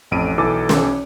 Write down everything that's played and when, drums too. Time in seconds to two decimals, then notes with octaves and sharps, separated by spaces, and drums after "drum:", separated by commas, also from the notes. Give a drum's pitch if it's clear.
0.11 A1 F2 D7 D#7
0.38 B1 E3 A4 D6
0.69 drum: snare